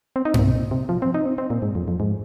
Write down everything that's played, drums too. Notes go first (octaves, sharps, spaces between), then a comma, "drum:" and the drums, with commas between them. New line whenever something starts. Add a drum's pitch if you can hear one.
C4
D#4
C4, drum: tom G2
A#2
C3
A#2
C3
F3
C4
D#4
C4
C4
A#2
G#2
F2
F2
G#2